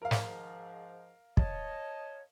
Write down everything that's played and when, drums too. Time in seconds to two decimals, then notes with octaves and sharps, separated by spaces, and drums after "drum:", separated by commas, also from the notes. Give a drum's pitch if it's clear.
0.02 G#2 F3 A#4 F5
0.11 drum: snare
1.37 C#5 D#5 A5, drum: kick